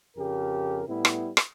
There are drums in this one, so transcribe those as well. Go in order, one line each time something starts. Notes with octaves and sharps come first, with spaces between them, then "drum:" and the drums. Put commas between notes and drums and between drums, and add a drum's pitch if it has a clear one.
F2 C#3 G4 A#4
A2 G3 B3 E4
drum: rim click
drum: rim click